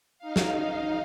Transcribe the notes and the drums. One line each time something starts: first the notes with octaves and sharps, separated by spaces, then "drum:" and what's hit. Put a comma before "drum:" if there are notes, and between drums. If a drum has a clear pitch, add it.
D#4 F5
drum: snare